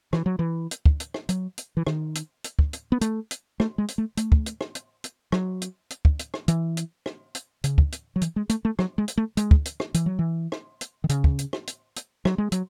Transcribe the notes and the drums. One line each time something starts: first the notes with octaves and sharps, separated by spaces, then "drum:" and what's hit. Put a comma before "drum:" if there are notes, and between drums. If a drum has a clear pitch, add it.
E3, drum: rim click
F#3
E3
drum: hi-hat
drum: kick
drum: hi-hat
drum: rim click
F#3, drum: hi-hat
drum: hi-hat
E3
D#3, drum: rim click
drum: hi-hat
drum: hi-hat
drum: kick
drum: hi-hat
B3
A3, drum: hi-hat
drum: hi-hat
A3, drum: rim click
G#3
drum: hi-hat
A3
A3, drum: hi-hat
drum: kick
drum: hi-hat
drum: rim click
drum: hi-hat
drum: hi-hat
F#3, drum: rim click
drum: hi-hat
drum: hi-hat
drum: kick
drum: hi-hat
drum: rim click
E3, drum: hi-hat
drum: hi-hat
drum: rim click
drum: hi-hat
C#3, drum: hi-hat
drum: kick
drum: hi-hat
F#3
E3, drum: hi-hat
G#3
A3, drum: hi-hat
A3
F#3, drum: rim click
G#3
drum: hi-hat
A3
G#3, drum: hi-hat
drum: kick
drum: hi-hat
drum: rim click
E3, drum: hi-hat
F#3
E3
drum: rim click
drum: hi-hat
D#3
C#3, drum: hi-hat
drum: kick
drum: hi-hat
drum: rim click
drum: hi-hat
drum: hi-hat
F#3, drum: rim click
G#3
F#3, drum: hi-hat